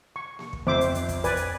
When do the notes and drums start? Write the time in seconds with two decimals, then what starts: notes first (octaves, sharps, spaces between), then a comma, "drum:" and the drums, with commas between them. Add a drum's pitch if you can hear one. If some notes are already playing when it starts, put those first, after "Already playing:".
0.16 C#6
0.39 drum: snare A#3
0.53 drum: kick
0.67 F2 C5 E5 D6
0.81 drum: hi-hat
0.95 drum: hi-hat
1.09 drum: kick, hi-hat
1.24 B4 D5 G#5, drum: kick, hi-hat
1.36 drum: hi-hat